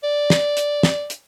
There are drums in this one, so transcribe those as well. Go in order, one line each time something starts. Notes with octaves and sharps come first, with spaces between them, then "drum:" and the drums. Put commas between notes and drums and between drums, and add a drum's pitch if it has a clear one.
D5
drum: snare
drum: hi-hat
drum: snare
drum: hi-hat